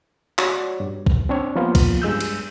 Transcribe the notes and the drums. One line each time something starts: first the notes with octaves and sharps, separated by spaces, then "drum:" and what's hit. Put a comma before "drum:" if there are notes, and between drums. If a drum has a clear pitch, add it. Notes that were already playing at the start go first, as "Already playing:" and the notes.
F#4 C#5 D5, drum: clap
G2
drum: kick
C4 D4 C#5
F3 A#3 B3 F4
drum: kick, cymbal
G2 G#3 E6 G6
drum: cymbal